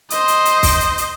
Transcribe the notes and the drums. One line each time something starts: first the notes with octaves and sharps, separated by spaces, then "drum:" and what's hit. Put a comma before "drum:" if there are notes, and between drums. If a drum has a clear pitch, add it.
C5 D#5, drum: hi-hat
drum: hi-hat
drum: hi-hat
drum: kick, open hi-hat
drum: hi-hat
drum: hi-hat